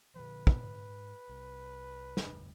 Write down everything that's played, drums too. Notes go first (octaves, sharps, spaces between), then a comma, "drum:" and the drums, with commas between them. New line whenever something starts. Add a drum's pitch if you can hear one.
A#2 D3 F3 B4
drum: kick
G#2
C2
F1 D2 G2, drum: snare